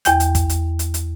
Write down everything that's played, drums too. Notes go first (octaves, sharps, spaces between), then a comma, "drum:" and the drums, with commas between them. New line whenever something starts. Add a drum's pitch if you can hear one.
E2 G5 G6, drum: hi-hat
drum: hi-hat
drum: kick, hi-hat
drum: hi-hat
drum: hi-hat
drum: hi-hat